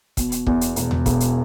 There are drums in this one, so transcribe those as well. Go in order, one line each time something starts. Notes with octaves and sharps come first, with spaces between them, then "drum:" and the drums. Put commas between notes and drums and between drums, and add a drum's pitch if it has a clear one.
B2, drum: kick, hi-hat
drum: hi-hat
E2, drum: kick
drum: hi-hat
E1, drum: hi-hat
drum: tom D#2
E1, drum: kick, hi-hat
drum: hi-hat